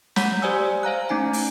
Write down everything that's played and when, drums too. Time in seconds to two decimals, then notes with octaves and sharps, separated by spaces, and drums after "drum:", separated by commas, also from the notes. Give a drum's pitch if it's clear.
0.16 C#5 F#5 A#5 B5 G6 B6, drum: snare
0.42 G4 C5 D5 G#5 D#6 E6
0.83 C5 F5 A#5 F#6
1.09 A3 C#4 D#4 G#5 A#5
1.33 drum: open hi-hat